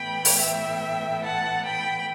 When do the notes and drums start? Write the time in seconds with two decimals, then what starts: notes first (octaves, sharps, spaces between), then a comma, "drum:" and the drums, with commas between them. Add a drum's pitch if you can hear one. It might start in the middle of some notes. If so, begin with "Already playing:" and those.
Already playing: A2 E3 B3 G5 B5
0.25 drum: open hi-hat
0.40 E5 G5
1.23 F#5 A5
1.64 G5 B5